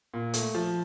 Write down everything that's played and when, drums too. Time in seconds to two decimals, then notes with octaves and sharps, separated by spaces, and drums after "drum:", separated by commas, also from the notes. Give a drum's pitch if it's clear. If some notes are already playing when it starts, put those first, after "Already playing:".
0.14 A#2
0.33 A3, drum: hi-hat
0.55 F3